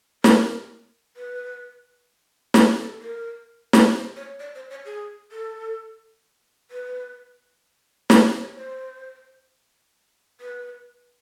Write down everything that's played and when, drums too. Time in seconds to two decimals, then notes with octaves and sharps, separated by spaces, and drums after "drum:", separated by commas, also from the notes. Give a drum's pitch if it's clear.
0.24 A#4, drum: snare
1.16 B4
2.54 drum: snare
2.78 A4
3.02 A#4
3.73 drum: snare
3.94 C5
4.16 C#5
4.40 D5
4.55 C5
4.70 C#5
4.85 G#4
5.32 A4
6.71 B4
8.10 C5, drum: snare
8.24 C5
8.41 C#5
8.55 C5
10.41 B4